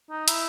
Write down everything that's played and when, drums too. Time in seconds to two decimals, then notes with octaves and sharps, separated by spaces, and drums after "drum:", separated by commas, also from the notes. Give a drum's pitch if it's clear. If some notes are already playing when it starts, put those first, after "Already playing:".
0.10 D#4
0.28 E4, drum: hi-hat